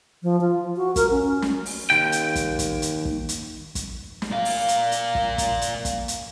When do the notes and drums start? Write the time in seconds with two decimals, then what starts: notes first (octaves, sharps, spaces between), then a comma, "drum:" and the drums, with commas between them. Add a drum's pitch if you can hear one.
0.23 F3
0.41 F4
0.77 F#4
0.96 A#4, drum: kick, hi-hat
1.11 C#4
1.42 drum: snare
1.66 drum: open hi-hat
1.90 D#2 G5
2.12 drum: hi-hat
2.35 drum: kick, hi-hat
2.59 drum: kick, hi-hat
2.82 drum: hi-hat
3.05 drum: kick
3.29 drum: hi-hat
3.75 drum: kick, hi-hat
4.22 drum: snare
4.31 A#2 F5
4.45 drum: open hi-hat
4.68 drum: hi-hat
4.92 drum: hi-hat
5.15 drum: kick
5.38 drum: kick, hi-hat
5.61 drum: hi-hat
5.85 drum: kick, hi-hat
6.08 drum: hi-hat